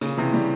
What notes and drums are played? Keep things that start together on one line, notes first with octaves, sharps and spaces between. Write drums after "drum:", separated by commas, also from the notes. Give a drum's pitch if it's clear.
A#2 C#3, drum: tambourine
C3 E3
E3 G3